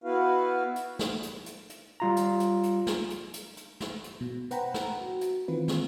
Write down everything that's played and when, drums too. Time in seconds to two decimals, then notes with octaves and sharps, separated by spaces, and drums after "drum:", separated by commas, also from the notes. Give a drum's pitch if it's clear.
0.04 B3 E4 F#4 B4 F5
0.76 drum: hi-hat
0.99 drum: snare
1.23 drum: hi-hat
1.46 drum: hi-hat
1.69 drum: hi-hat
2.00 G3 F4 A#5
2.16 drum: hi-hat
2.40 drum: hi-hat
2.63 drum: hi-hat
2.87 drum: snare
3.10 drum: hi-hat
3.34 drum: hi-hat
3.57 drum: hi-hat
3.80 drum: snare
4.04 drum: hi-hat
4.21 B2
4.51 B4 C5 F#5 G5 A#5 B5, drum: hi-hat
4.74 drum: snare
5.01 F#4
5.21 drum: hi-hat
5.48 D#3 E3 C4 F4 B4
5.68 drum: snare